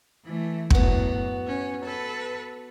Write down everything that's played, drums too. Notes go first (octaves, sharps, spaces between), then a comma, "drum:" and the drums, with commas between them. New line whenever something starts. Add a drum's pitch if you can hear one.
E3 A3
F#2 A2 B3 F#4, drum: kick
C#4
A4 B4